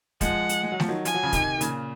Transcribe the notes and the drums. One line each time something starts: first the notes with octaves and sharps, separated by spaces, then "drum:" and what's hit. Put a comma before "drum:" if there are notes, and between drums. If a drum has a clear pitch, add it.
F3 G#3 F#5, drum: kick, hi-hat
drum: hi-hat
G#3
F#3
F3, drum: snare A3
D#3 F#3
F3 G#5, drum: hi-hat
F#3
C#3 F3
C3 D#3, drum: kick, hi-hat
D#3
A#2 C#3, drum: hi-hat